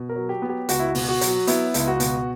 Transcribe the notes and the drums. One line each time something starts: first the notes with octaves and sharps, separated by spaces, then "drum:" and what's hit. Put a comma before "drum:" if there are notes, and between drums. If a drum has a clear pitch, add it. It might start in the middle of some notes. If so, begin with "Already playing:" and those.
Already playing: B2
A#4
F#3
G4
B3
G4
C#2 F#4, drum: hi-hat
E4
F#4
B2, drum: open hi-hat
F#4
F#3, drum: hi-hat
F#4
B3 E4, drum: hi-hat
C#2 E4, drum: hi-hat
F#4
B2, drum: hi-hat